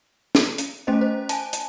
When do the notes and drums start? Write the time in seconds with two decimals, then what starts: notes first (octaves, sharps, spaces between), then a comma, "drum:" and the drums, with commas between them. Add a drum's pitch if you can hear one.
0.35 drum: snare
0.58 drum: hi-hat
0.87 A3 C#4 C5 D#5
1.01 C5
1.29 G#5 A5, drum: hi-hat
1.53 drum: hi-hat